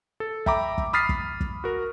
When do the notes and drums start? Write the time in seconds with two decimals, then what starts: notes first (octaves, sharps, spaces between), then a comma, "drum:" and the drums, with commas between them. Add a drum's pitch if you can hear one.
0.20 A4
0.46 E5 G5 A#5 B5 D6, drum: kick
0.78 drum: kick
0.93 B5 D#6 F6 A6 B6 C7
1.09 drum: kick
1.41 drum: kick
1.64 F#4 A#4